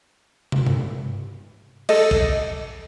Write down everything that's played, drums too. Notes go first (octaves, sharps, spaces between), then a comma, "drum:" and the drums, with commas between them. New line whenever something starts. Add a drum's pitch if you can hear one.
drum: tom
drum: tom G2
A4 D#5, drum: cymbal
drum: kick